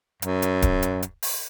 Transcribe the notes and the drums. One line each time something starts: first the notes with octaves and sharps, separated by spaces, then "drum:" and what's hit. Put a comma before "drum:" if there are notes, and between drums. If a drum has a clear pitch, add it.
F#2, drum: hi-hat
drum: hi-hat
drum: kick D1, hi-hat
drum: hi-hat
drum: hi-hat
drum: open hi-hat